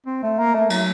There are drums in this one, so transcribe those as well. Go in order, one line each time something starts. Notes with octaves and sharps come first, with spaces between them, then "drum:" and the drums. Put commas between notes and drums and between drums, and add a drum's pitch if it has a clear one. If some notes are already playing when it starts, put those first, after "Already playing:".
C4
A3
A#3
A3
F#3, drum: cymbal